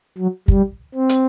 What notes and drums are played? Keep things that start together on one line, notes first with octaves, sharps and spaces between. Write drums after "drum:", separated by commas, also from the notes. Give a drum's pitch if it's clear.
F#3
G3, drum: kick
C4
drum: hi-hat